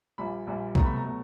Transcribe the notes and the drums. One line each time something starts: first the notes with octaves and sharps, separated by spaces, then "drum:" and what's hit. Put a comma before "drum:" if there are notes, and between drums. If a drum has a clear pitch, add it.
A#1 A#2 G3 B5
A#1 A#2 G3
C2 B2 F#3 A3 A#5, drum: kick
B5
A#5
B2 F#3 A3